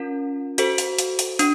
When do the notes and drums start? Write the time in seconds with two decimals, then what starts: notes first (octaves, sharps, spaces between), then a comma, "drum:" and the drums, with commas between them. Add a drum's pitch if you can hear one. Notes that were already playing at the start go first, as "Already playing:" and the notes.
Already playing: C#4 F4 A#4
0.58 F#4 A4 C5, drum: hi-hat
0.78 drum: hi-hat
0.99 drum: hi-hat
1.19 drum: hi-hat
1.39 D4, drum: hi-hat